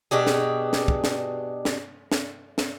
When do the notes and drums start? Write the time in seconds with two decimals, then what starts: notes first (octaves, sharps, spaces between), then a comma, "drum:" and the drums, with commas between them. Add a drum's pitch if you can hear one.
0.11 B2 D4 G4 G#4
0.27 drum: snare
0.73 drum: snare
0.88 drum: kick
1.04 drum: snare
1.65 drum: snare
2.12 drum: snare
2.58 drum: snare